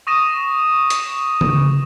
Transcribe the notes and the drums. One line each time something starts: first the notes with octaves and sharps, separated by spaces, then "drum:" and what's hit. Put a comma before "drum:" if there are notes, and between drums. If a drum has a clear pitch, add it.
C#6 D#6 A#6 D#7 E7
drum: hi-hat
drum: tom C#3